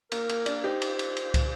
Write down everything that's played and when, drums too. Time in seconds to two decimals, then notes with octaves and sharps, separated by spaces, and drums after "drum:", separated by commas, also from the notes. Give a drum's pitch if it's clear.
0.12 A#3 A#4, drum: cymbal
0.29 A#3, drum: cymbal
0.46 A#3 D4, drum: cymbal
0.64 D#4 G4 C5
0.82 drum: cymbal
0.99 drum: cymbal
1.17 drum: cymbal
1.34 drum: kick, cymbal